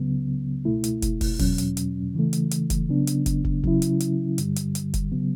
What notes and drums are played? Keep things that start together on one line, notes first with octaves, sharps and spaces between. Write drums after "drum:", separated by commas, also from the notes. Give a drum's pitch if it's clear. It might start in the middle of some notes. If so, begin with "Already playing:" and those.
Already playing: C#2 C#3 F#3 B3
C#2 B2 A3 E4
drum: hi-hat
drum: kick, hi-hat
drum: kick, open hi-hat
E2 B2 F#3 C#4, drum: kick, open hi-hat
drum: hi-hat
drum: hi-hat
C#3 E3 A3
drum: hi-hat
drum: hi-hat
drum: kick, hi-hat
C#3 F#3 B3 D4
drum: hi-hat
drum: kick, hi-hat
drum: kick
C#3 F#3 C#4 E4, drum: kick
drum: hi-hat
drum: hi-hat
G2 D3 G3, drum: hi-hat
drum: hi-hat
drum: hi-hat
drum: kick, hi-hat
C#3 F#3 B3